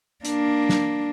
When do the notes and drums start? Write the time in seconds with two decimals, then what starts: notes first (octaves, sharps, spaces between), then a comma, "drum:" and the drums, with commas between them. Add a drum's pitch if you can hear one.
0.25 A#3 D4, drum: hi-hat
0.69 drum: snare